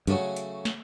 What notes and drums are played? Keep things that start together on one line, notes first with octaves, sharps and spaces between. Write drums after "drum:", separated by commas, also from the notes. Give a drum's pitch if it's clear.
G2 C#3 F#3 A3 C#4, drum: hi-hat
drum: hi-hat
drum: snare